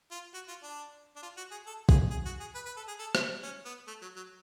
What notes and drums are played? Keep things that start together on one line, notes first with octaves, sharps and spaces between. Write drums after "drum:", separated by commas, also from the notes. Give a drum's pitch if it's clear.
F4
F#4
F4
D4
D4
F4
F#4
G#4
A4
G#4, drum: kick
G#4
F#4
G#4
B4
B4
A4
G#4
A4
drum: rim click
C#4
B3
A3
F#3
F#3